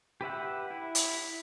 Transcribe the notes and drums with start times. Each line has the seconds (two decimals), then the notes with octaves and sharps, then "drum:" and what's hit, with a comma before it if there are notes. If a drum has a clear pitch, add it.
0.21 G4 B4 E5 F#5
0.70 E4
0.95 drum: hi-hat